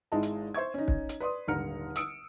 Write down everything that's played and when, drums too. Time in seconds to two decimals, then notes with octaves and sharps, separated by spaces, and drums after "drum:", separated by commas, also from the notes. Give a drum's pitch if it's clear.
0.12 G#1 G#2 G#3 E4 D#5 A5
0.23 drum: hi-hat
0.54 C5 E5 C#6 G#6
0.74 C#4 D#4
0.88 drum: kick
1.09 drum: hi-hat
1.20 B4 D5 C6 D#6
1.48 D#1 G#1 D3 A#5 F6 C#7
1.96 D#6 E6 C#7 D7, drum: hi-hat